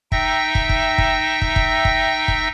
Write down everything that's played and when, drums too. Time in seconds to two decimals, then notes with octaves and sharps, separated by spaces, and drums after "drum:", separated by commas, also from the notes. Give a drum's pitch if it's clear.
0.12 D#4 E5 G5 E6 A#6, drum: kick
0.55 drum: kick
0.69 drum: kick
0.98 drum: kick
1.42 drum: kick
1.56 drum: kick
1.85 drum: kick
2.28 drum: kick